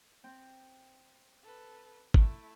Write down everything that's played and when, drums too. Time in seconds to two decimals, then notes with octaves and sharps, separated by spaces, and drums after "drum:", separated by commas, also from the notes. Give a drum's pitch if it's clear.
0.24 C4 G5
1.43 A4 B4
2.14 A3 E4, drum: kick G#1